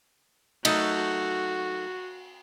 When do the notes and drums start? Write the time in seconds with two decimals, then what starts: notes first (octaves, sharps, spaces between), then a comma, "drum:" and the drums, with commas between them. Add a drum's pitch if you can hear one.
0.65 F#3 A3 D#4 F#4, drum: cymbal